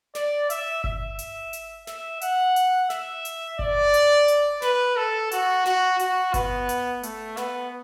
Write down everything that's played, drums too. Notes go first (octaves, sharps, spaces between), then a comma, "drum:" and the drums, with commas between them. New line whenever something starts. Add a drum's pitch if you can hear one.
D5, drum: snare
E5, drum: hi-hat
E5, drum: kick G1
drum: hi-hat
drum: hi-hat
E5, drum: snare
F#5, drum: hi-hat
drum: hi-hat
E5, drum: snare
drum: hi-hat
D5, drum: kick G1
drum: hi-hat
drum: hi-hat
B4, drum: snare
A4
F#4, drum: hi-hat
F#4, drum: snare
F#4, drum: hi-hat
B3, drum: kick G1, hi-hat
drum: hi-hat
A3, drum: hi-hat
B3, drum: snare